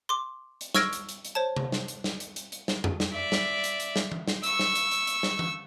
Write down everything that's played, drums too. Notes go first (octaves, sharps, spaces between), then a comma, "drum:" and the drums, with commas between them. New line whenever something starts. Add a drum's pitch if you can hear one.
C6 D6
drum: hi-hat
C#6 E6 F6 G#6 A#6 D7, drum: snare
drum: hi-hat
drum: hi-hat
drum: hi-hat
C5 C#5 A5
drum: tom C3
drum: snare
drum: hi-hat
drum: snare
drum: hi-hat
drum: hi-hat
drum: hi-hat
drum: snare
drum: tom F2
drum: snare
D5 E5
drum: snare
drum: hi-hat
drum: hi-hat
drum: snare
drum: tom E3
drum: snare
C#6 E6, drum: hi-hat
drum: snare
drum: hi-hat
drum: hi-hat
drum: hi-hat
drum: snare
drum: tom E3